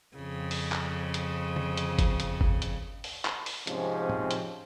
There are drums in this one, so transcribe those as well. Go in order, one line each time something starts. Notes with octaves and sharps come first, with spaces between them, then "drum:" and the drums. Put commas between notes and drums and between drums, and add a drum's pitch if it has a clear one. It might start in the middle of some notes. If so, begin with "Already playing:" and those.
F2 C#3
drum: open hi-hat
drum: clap
drum: hi-hat
drum: tom
drum: hi-hat
drum: kick G1, hi-hat
drum: hi-hat
drum: kick G1
drum: hi-hat
drum: open hi-hat
drum: clap
drum: open hi-hat
G#2 C3 F3 C4 C#4, drum: hi-hat
drum: tom
drum: hi-hat